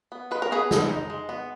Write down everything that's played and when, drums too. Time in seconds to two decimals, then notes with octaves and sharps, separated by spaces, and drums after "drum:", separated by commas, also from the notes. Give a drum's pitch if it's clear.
0.12 B3
0.31 G#3 B4
0.42 A#4
0.51 B3 G#4 B4
0.71 G#3, drum: snare
0.89 D#4
1.10 G#3
1.29 B3